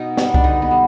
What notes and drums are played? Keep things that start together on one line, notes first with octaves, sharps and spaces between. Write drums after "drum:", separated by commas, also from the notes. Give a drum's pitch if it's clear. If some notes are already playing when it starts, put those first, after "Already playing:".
Already playing: B2 D#4
G3 B3, drum: snare
D4, drum: kick C2
D3 D#4
B3
G3